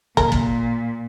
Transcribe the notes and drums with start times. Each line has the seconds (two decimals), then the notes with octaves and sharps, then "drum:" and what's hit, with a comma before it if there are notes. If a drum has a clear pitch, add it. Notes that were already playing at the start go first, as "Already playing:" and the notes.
0.17 A#2 A#4, drum: kick
0.32 drum: kick